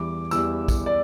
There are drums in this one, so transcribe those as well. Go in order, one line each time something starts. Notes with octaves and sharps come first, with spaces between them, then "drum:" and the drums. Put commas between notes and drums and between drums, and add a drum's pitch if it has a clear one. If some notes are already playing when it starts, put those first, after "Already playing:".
Already playing: E2 E3 G3 D6
E2 E3 G3 E6, drum: tambourine
drum: kick, tambourine
D5